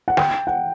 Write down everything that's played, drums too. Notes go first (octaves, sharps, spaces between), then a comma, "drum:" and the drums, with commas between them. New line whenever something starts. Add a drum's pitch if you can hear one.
F#5
G5, drum: snare
F#5